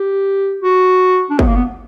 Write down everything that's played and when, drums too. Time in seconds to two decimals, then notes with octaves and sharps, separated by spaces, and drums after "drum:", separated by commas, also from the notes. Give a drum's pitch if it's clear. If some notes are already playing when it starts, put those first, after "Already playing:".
Already playing: G4
0.62 F#4
1.30 D4
1.39 B3, drum: kick
1.47 A#3
1.56 B3